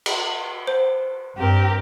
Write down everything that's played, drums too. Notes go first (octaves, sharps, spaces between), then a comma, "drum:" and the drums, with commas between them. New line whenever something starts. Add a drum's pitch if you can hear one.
drum: cymbal
C5
G2 C4 G4 A#4